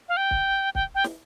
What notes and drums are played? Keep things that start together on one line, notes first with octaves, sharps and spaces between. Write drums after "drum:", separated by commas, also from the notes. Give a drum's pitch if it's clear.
F5
G5
drum: kick
G5, drum: kick
G5
drum: snare